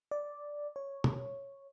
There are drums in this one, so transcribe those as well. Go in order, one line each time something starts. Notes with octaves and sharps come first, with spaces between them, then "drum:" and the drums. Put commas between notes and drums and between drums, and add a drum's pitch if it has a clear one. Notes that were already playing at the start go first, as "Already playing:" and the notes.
D5
C#5
drum: tom